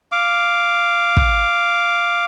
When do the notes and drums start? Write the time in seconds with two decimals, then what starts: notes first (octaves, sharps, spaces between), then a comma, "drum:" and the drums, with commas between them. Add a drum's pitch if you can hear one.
0.12 F5 D6
1.17 drum: kick